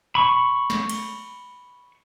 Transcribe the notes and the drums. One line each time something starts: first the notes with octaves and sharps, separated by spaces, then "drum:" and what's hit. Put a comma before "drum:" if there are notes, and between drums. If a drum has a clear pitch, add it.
B5 C#6
drum: snare
drum: cymbal